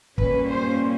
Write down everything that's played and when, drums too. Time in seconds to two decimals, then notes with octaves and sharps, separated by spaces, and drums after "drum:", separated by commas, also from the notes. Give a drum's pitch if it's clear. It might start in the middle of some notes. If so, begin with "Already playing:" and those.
0.18 A#2 G3 A#3 C#4 B4, drum: kick
0.50 C5